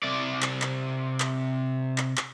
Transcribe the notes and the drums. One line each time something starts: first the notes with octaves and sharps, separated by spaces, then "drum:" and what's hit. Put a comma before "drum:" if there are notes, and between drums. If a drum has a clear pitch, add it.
C3 D5
drum: clap
drum: clap
drum: clap
drum: clap
drum: clap